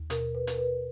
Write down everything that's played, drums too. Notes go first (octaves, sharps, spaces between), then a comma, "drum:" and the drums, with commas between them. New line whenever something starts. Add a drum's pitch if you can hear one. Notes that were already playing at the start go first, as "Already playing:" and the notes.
Already playing: D#2
B2 A#4, drum: hi-hat
B4
B2 A#4, drum: hi-hat
B4